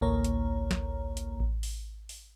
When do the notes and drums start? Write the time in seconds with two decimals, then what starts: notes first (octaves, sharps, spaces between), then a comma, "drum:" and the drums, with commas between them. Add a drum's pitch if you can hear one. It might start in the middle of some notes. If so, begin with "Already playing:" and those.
0.01 A1 D2 A#3 C#5 A#5
0.24 drum: hi-hat
0.71 drum: snare
1.17 drum: hi-hat
1.40 drum: kick A1
1.63 drum: open hi-hat
2.09 drum: open hi-hat